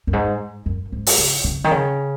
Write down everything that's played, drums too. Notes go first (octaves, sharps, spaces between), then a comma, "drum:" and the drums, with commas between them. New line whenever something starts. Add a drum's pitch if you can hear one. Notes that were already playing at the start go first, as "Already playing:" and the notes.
F#2
G#2
F#2
G#2
drum: open hi-hat
C#3
C#3
D#3
C#3